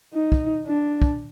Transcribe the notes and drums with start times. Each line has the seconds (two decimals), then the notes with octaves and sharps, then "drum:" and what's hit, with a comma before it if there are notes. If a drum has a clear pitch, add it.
0.14 D#4
0.32 drum: kick
0.67 D4
1.02 drum: kick